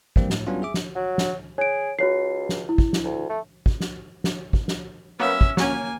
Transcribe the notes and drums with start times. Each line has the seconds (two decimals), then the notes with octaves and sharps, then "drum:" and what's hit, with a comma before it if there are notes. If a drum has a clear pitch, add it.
0.16 G2 E3 F3 G3 A#3 C4, drum: kick
0.30 A2, drum: snare
0.47 F#3 G3 B3 C#4 D4 F4
0.62 G#4 E5 D6
0.74 drum: snare
0.95 F#3
1.18 drum: snare
1.58 G#4 C#5 D7
1.99 C#2 F#4 C#5 C7
2.49 drum: snare
2.69 E4
2.78 drum: kick
2.93 drum: snare
3.04 D2
3.29 A3
3.66 drum: kick
3.80 drum: snare
4.24 drum: snare
4.53 drum: kick
4.68 drum: snare
5.20 F#3 A#3 B3 C#4 E5
5.41 drum: kick
5.57 F#3 A#3 C#4 G#5, drum: snare